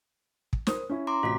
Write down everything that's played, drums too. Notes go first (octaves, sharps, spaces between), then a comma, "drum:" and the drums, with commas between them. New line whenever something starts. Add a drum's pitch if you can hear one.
drum: kick
A#4 C5 D#6, drum: snare
C#4 E4
A#5 C6 D6
A1 C3 F4 F#4 B6